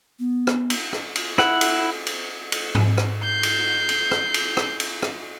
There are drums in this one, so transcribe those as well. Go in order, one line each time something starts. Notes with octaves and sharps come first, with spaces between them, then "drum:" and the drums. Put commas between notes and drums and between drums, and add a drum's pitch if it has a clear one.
B3
drum: rim click
drum: cymbal
drum: rim click
drum: cymbal
E4 F#5, drum: rim click
drum: cymbal
drum: cymbal
drum: cymbal
drum: tom G#2
drum: rim click
G6 C7
drum: cymbal
drum: cymbal
drum: rim click
drum: cymbal
drum: rim click
drum: cymbal
drum: rim click